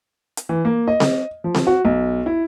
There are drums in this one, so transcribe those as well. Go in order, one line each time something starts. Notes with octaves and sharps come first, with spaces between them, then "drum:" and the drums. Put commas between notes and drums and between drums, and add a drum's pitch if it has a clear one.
drum: hi-hat
E3
A#3
D#5
drum: snare C4
F3
drum: snare C4
F#4
B1
E4